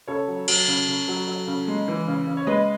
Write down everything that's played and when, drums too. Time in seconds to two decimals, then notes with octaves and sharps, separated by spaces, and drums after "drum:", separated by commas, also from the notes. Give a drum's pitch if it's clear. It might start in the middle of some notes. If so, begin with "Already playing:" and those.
0.08 C#3 A4 C#5
0.27 F#3
0.48 F#3, drum: cymbal
0.68 C#3
0.88 C#3
1.08 F#3
1.27 F#3
1.47 C#3
1.68 G#3
1.88 E3
2.08 C#3
2.27 C#3
2.37 C#5
2.47 G#3 B4 D#5